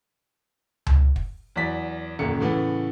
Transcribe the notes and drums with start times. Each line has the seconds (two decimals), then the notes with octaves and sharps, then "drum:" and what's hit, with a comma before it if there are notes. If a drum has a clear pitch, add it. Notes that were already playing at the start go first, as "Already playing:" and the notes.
0.87 drum: tom C#2
1.16 drum: kick
1.56 E2 F#3 D5 B6
2.19 D#1 F#2 D3 A#3 C#7
2.40 A2 C#3 E3 A3 B3